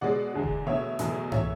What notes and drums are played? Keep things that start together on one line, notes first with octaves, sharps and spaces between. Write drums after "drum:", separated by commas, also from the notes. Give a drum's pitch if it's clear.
B2 G#3 D5 F#5
E2 D3 G#3
drum: kick F1
B2 A3 C#5 E5
E2 B2 F#3 A3, drum: hi-hat
E3 A3 C#5 E5, drum: tom G2